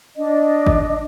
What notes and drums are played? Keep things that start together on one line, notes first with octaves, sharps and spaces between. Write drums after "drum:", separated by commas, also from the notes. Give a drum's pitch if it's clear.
D4 D#5
drum: kick G#1